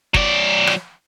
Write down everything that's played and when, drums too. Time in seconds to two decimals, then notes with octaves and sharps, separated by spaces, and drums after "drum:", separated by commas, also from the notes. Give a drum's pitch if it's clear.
0.14 F#3 D5, drum: kick
0.67 drum: rim click